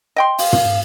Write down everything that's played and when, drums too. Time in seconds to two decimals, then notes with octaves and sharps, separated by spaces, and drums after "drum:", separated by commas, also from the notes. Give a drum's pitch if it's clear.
0.16 D#5 G5 C6
0.38 F5, drum: open hi-hat
0.53 drum: tom